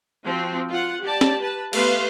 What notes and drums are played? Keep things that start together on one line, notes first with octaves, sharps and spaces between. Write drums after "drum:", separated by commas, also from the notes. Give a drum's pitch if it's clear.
F3 C4 F#4
F4 F#5
G4 D5 A5
drum: snare C#4
B4 A5
A3 B3 G4 B4 F5 C6, drum: cymbal